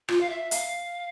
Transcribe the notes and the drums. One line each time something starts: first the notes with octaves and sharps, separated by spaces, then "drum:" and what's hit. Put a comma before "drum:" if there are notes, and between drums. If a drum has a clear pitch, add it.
F4, drum: rim click
F5
E5
F5, drum: hi-hat